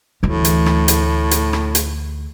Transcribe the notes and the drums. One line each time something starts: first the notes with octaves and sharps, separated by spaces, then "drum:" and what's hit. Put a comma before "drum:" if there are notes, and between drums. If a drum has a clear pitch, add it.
D2 A2 E3
drum: hi-hat
drum: rim click
drum: hi-hat
drum: hi-hat
drum: rim click
drum: hi-hat